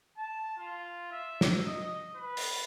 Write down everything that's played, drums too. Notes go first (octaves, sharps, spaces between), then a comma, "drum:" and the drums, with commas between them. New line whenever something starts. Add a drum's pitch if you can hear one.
A5
F4
E5
drum: snare
D#5
B4
drum: open hi-hat